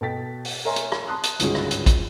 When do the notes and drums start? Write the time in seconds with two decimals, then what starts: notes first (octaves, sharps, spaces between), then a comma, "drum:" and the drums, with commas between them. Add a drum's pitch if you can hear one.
0.01 B2 A4 G5 A6 B6
0.45 drum: open hi-hat
0.65 A#4 C#5 E5 G#5 A#5 C6
0.76 drum: hi-hat
0.92 drum: rim click
1.08 A5 C6 D#6 F#6
1.23 drum: hi-hat
1.39 G1 C#2 G#2 C#4 F#4 G#4, drum: hi-hat
1.55 drum: rim click
1.71 drum: hi-hat
1.86 drum: kick A1, hi-hat